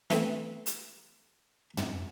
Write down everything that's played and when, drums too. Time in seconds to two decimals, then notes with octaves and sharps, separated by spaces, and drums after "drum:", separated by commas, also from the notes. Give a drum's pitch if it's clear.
0.10 E3 A3 B3 C4, drum: snare
0.66 drum: hi-hat
1.77 drum: tom